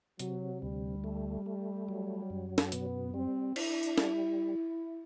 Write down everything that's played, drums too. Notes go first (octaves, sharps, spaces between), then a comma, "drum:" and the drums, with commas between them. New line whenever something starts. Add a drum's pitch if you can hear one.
C3 F#3, drum: hi-hat
D2 G3
A3
A3
F#3
F#2
drum: snare
B2 B3, drum: hi-hat
G3 C4
D4 E4, drum: cymbal
drum: tambourine
G3, drum: snare